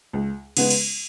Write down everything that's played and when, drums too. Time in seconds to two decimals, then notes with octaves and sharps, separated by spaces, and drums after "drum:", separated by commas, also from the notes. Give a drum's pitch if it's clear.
0.13 C#2
0.57 C#3 G#3 B3, drum: cymbal
0.70 drum: cymbal